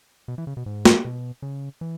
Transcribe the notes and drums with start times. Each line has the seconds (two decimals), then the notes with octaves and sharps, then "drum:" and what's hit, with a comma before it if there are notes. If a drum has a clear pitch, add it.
0.28 B2
0.38 E3
0.47 C#3
0.57 B2
0.66 G#2
0.85 drum: snare
1.05 B2
1.42 C#3
1.81 E3